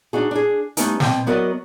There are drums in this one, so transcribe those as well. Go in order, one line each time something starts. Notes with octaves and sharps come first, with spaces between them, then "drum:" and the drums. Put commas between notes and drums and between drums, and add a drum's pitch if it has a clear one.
D4 D#4 F#4 G#4
D4 G#4
G3 A3 B3 C#4 D#4, drum: hi-hat
B2 C4 G5, drum: snare
F#3 B3 F#4 A#4 D5 D#5